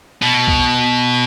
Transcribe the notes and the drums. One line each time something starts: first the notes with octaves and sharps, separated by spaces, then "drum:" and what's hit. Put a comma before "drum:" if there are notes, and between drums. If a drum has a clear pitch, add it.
B2
drum: kick B1